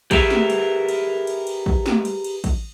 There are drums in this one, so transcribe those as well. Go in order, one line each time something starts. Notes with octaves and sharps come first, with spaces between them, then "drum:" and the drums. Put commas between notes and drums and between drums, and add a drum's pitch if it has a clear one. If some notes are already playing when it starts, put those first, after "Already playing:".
G4 G#4 A#4 B4 E5, drum: kick, cymbal
drum: snare
drum: cymbal
drum: cymbal
drum: cymbal
drum: cymbal
drum: kick
drum: snare
drum: cymbal
drum: cymbal
drum: kick, cymbal